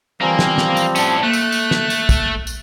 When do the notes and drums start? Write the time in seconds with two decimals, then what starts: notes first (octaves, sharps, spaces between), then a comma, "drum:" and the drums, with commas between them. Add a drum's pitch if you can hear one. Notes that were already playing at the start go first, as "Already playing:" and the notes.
0.21 E3 F3 G3 A#3 C4 G#5 A#5
0.39 drum: snare
0.58 drum: snare
0.77 drum: tambourine
0.96 A2 C#4 D5 A5, drum: tambourine
1.23 A3 A#3 F#6
1.33 drum: tambourine
1.52 drum: tambourine
1.71 drum: snare
1.90 drum: tambourine
2.09 drum: kick, tambourine
2.47 drum: tambourine